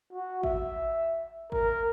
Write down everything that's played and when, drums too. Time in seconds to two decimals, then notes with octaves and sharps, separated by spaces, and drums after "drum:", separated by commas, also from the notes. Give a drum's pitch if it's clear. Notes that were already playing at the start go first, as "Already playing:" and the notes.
0.13 F#4
0.43 E5, drum: kick G#1
1.52 A#4, drum: kick G#1